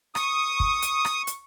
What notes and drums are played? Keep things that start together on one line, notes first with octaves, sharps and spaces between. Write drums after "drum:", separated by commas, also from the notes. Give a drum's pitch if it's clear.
C#6 D#6, drum: rim click
drum: kick
drum: hi-hat
drum: rim click
drum: hi-hat